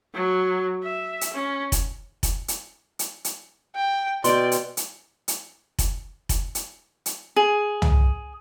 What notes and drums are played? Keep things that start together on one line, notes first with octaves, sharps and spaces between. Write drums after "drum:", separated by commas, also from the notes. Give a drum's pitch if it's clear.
F#3
E5
drum: hi-hat
C#4
drum: kick F1, hi-hat
drum: kick F1, hi-hat
drum: hi-hat
drum: hi-hat
drum: hi-hat
G5
B2 D5 G5 C6, drum: hi-hat
drum: hi-hat
drum: hi-hat
drum: hi-hat
drum: kick F1, hi-hat
drum: kick F1, hi-hat
drum: hi-hat
drum: hi-hat
G#4
drum: tom